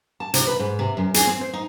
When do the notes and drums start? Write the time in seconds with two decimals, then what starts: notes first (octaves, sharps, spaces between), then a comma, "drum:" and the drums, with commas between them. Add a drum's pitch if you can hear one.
0.20 A5
0.34 C3, drum: hi-hat
0.47 B4
0.59 G#2
0.79 C3
0.97 F#2
1.14 G#4, drum: hi-hat
1.27 C4
1.41 C5
1.53 D#4